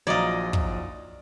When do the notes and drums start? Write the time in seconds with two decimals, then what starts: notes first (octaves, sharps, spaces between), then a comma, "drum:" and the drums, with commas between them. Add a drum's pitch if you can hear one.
0.07 A#1 D#3 F#3 D#4 F4 D5 D#5 G#6
0.53 drum: kick